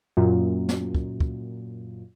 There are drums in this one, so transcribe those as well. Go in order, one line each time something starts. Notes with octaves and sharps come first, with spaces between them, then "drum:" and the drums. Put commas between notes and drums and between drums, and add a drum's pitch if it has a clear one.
F#2 A#2
drum: snare
drum: kick
drum: kick